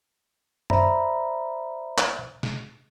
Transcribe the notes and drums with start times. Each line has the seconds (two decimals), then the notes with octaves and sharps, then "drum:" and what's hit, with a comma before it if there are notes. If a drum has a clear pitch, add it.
0.70 C5 D5 E5 A#5 B5, drum: tom F#2
1.98 drum: clap
2.43 drum: snare